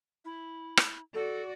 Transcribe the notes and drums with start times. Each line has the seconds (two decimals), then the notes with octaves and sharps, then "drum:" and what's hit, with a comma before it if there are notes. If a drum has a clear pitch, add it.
0.25 E4
0.77 drum: rim click
1.14 F#4 A4 D5